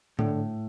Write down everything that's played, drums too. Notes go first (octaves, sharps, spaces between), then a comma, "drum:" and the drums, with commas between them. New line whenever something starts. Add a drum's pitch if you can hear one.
A2 D3, drum: tom G#2